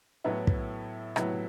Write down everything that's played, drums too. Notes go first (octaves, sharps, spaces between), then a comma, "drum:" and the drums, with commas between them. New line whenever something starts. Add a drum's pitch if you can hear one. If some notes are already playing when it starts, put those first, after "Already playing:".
A2 F#3 B3 E4
drum: kick
A2 F#3 B3 E4, drum: rim click